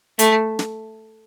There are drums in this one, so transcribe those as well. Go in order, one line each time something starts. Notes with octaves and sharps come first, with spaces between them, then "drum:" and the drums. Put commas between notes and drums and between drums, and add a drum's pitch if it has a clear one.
A3, drum: hi-hat
drum: snare